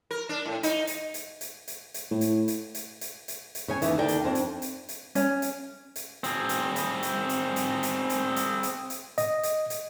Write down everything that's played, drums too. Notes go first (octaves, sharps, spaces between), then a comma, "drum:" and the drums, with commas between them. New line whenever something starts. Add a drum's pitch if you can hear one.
A#4
D4
A2
D#4, drum: hi-hat
drum: hi-hat
drum: hi-hat
drum: hi-hat
drum: hi-hat
drum: hi-hat
A2
drum: hi-hat
drum: hi-hat
drum: hi-hat
drum: hi-hat
drum: hi-hat
drum: hi-hat
C#3 C#5 G#5
D#2 C#3 E3, drum: hi-hat
D#2 D3 D4 A#4 D5 G5
drum: hi-hat
F2 C4 D4
drum: hi-hat
drum: hi-hat
drum: hi-hat
C#4, drum: hi-hat
drum: hi-hat
drum: hi-hat
C4 G#4, drum: hi-hat
drum: hi-hat
drum: hi-hat
drum: hi-hat
drum: hi-hat
drum: hi-hat
drum: hi-hat
drum: hi-hat
drum: hi-hat
drum: hi-hat
drum: hi-hat
D#5, drum: hi-hat
drum: hi-hat
drum: hi-hat